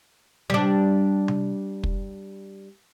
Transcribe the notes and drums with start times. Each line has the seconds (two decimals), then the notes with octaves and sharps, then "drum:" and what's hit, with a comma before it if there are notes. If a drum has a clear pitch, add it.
0.50 G3 D4, drum: tom C3
1.28 drum: tom C3
1.84 drum: kick